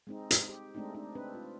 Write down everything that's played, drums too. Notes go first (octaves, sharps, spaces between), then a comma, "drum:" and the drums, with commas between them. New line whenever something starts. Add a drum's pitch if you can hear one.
G#3 C4 D#4
drum: hi-hat
G4
G#3 A3 C4 D4 D#4
D4 D#4
C4 D4 B4
F4